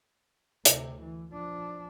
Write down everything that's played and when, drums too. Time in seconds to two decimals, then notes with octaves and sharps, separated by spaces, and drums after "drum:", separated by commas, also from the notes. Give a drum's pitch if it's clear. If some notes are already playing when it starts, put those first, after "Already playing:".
0.65 D2 C3, drum: hi-hat
1.03 E3
1.32 F3 D4